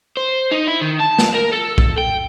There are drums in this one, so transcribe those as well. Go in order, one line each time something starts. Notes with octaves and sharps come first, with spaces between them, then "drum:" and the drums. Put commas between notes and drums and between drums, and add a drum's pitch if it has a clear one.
C5
D#4
E4
D#3
A5
drum: snare
A#4
A4
drum: kick
G5